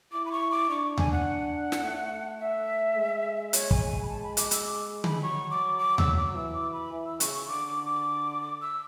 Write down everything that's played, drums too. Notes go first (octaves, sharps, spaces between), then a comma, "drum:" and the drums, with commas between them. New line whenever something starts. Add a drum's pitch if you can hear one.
E4 D6
B5
C#6
D6
D4 C#6
G#5, drum: tom D#2
F#5
drum: snare
A3
E5
G#3
C#5, drum: hi-hat
G#5, drum: kick
G#5
B5
A5
B5
D6, drum: hi-hat
E6, drum: hi-hat
D6
B5, drum: tom D3
F#3 C#6
D6
D6
E6, drum: tom D#2
D6
E3 E6
D6
B5
E3
E6
C#3 C#6, drum: hi-hat
C#6
D3 D6
D6
D6
E6